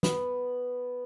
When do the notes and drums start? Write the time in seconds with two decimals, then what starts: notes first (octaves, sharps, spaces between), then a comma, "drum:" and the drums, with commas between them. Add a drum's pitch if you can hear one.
0.03 B3, drum: snare